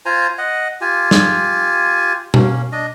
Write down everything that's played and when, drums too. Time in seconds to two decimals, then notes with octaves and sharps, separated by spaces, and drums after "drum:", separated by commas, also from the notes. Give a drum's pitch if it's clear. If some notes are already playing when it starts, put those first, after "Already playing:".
0.06 F4 C5 G#5 A#5
0.38 D#5 F#5
0.81 F4 G4 G#5
1.11 drum: snare
2.34 A#3 C#4, drum: tom B2
2.72 D4 D#5